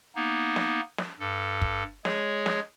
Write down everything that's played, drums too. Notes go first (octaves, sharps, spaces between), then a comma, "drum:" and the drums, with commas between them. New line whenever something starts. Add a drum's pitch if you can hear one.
A#3 B3 D#4
drum: snare
drum: snare
G2 A4
drum: kick
G#3 G#4 C#5, drum: snare
drum: snare